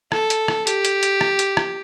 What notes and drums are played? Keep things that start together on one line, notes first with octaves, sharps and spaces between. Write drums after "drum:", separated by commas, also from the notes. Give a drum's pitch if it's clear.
A4, drum: rim click
drum: hi-hat
drum: rim click
G4, drum: hi-hat
drum: hi-hat
drum: hi-hat
drum: rim click
drum: hi-hat
drum: rim click